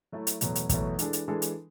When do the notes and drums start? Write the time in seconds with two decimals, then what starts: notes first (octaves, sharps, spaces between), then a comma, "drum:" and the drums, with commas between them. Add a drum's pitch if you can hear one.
0.12 F#3 A3 E4 A4
0.27 drum: hi-hat
0.41 E2 B2 F#3 A3, drum: hi-hat
0.55 drum: hi-hat
0.69 E2 B2 F#3 A3, drum: kick, hi-hat
0.99 E3 G#3 D4 A4, drum: hi-hat
1.13 drum: hi-hat
1.28 E3 G#3 D4 A4
1.42 drum: hi-hat